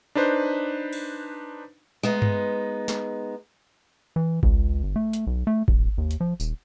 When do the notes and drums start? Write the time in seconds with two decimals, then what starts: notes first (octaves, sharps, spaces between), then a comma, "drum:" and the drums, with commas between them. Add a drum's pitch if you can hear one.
0.15 D4 D#4 B4 C5
0.93 drum: cymbal
2.03 G#3 B3 D#4
2.22 drum: tom G2
2.88 drum: snare
4.16 E3
4.43 C#2, drum: kick G#1
4.83 G1
4.96 A3
5.13 drum: hi-hat
5.27 B1
5.47 A3
5.68 D1, drum: kick G#1
5.98 D#2
6.11 drum: hi-hat
6.20 F3
6.40 D#1, drum: tambourine